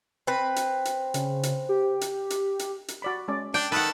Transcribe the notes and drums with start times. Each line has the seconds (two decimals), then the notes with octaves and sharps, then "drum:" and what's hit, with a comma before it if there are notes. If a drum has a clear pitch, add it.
0.27 C4 B4
0.56 drum: hi-hat
0.85 drum: hi-hat
1.14 C#3, drum: hi-hat
1.43 drum: hi-hat
1.69 G4
2.01 drum: hi-hat
2.30 drum: hi-hat
2.59 drum: hi-hat
2.88 drum: hi-hat
3.02 F#4 D5 B5
3.28 G#3 C#4 D5
3.54 D4 G5
3.72 D#3 A4 B4 F#5 A5